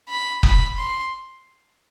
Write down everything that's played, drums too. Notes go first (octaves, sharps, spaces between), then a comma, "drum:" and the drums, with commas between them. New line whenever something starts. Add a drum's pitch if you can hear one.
B5
B5, drum: kick
C6